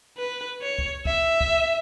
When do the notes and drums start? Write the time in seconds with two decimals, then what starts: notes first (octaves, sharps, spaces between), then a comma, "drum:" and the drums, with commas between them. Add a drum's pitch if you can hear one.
0.18 B4
0.62 C#5
0.78 drum: kick
1.05 E5, drum: kick
1.41 drum: kick